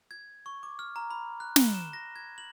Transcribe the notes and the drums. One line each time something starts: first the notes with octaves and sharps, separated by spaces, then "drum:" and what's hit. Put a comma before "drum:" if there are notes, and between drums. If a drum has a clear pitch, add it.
G#6
C#6
D6
F6
A#5
B5
F#6
G7, drum: snare
E7
A#6
G#6
F#7